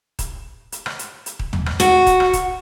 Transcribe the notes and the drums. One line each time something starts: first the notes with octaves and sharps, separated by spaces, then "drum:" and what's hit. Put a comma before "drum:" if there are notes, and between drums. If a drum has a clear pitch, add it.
drum: kick D#1, hi-hat
drum: hi-hat
drum: rim click
drum: hi-hat
drum: hi-hat
drum: kick D#1
drum: tom
drum: rim click
F#4 F#5, drum: hi-hat
drum: kick D#1, hi-hat
drum: rim click
drum: kick D#1, hi-hat